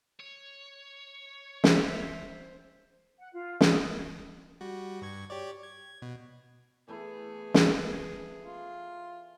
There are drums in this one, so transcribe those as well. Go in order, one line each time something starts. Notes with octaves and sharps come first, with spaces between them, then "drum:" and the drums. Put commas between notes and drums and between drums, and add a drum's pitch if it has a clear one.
C#5
C5 E5, drum: snare
F#5
F4
drum: snare
D#6
G3 F#4
G2 C#6 G#6
G4 C#5 D5
G#6
B2
E3 A3 B3 E4 G#4
drum: snare
F4